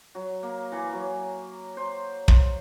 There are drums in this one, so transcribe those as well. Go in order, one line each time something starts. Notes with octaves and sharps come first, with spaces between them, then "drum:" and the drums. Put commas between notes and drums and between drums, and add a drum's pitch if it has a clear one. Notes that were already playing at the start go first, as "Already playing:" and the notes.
F#3
A#3
E3
F#3
C5
C5, drum: kick